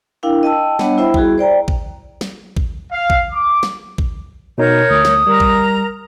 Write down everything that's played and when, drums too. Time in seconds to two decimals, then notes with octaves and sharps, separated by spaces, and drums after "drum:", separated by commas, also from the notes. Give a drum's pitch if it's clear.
0.23 D4 E4 A#4 F5 G5
0.43 D#5 G5 A5 E6
0.79 G3 B3 D4 C#5 D#5 F#5, drum: snare
0.98 E4 C5 E5 G5 B5
1.14 G3 E4 F#4 G#4, drum: kick
1.38 C5 D5 G5 A#5
1.68 drum: kick
2.21 drum: snare
2.57 drum: kick
2.92 F5
3.10 drum: kick
3.32 D6
3.63 drum: snare
3.98 drum: kick
4.58 B2 D#4 A#4 C#5 G6
4.90 D2 D#6
5.05 drum: snare
5.27 G3 A#4 A#5
5.40 drum: kick